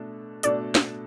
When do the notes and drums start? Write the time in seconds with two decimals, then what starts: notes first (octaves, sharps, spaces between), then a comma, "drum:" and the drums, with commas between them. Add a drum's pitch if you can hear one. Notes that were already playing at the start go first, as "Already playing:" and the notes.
Already playing: B2 A3 D4 A4
0.43 B2 A3 D4 A4 D5, drum: hi-hat
0.75 drum: snare